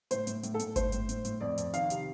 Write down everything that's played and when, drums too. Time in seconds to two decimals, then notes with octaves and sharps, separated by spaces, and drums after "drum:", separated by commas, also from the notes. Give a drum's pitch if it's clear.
0.11 A2 C5, drum: hi-hat
0.27 A2, drum: hi-hat
0.43 A2, drum: hi-hat
0.54 A4
0.59 A2, drum: hi-hat
0.76 A2 C5, drum: kick G1, hi-hat
0.92 A2, drum: hi-hat
1.09 A2, drum: hi-hat
1.25 A2, drum: hi-hat
1.41 F2 D5
1.58 F2, drum: hi-hat
1.74 D#3 F5, drum: hi-hat
1.90 C3, drum: hi-hat